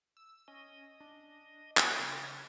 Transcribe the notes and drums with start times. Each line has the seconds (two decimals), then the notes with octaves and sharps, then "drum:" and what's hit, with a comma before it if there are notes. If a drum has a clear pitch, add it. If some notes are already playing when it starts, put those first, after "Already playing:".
0.17 E6
0.48 C#4 D#5
1.00 D4
1.77 drum: clap
1.99 C#3 D#6